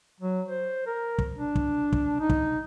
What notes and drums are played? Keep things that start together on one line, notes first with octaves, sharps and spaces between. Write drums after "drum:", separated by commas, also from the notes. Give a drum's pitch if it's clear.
F#3
C5
A#4
drum: kick
D4
drum: kick
drum: kick
D#4
drum: kick